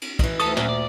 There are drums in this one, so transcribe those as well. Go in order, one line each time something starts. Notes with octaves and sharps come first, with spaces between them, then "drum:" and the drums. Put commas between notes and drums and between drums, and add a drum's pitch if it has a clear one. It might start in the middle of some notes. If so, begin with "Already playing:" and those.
drum: cymbal
E3 D#4, drum: kick, cymbal
D2 A4 A5 D#6, drum: cymbal
F#2 A#2, drum: snare
D5